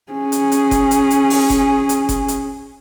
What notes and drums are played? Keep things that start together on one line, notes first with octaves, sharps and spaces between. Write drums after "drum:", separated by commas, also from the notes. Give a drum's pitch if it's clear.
C#4 G#4
drum: hi-hat
drum: hi-hat
drum: kick F#1, hi-hat
drum: hi-hat
drum: hi-hat
drum: open hi-hat
drum: kick F#1, hi-hat
drum: hi-hat
drum: kick F#1, hi-hat
drum: hi-hat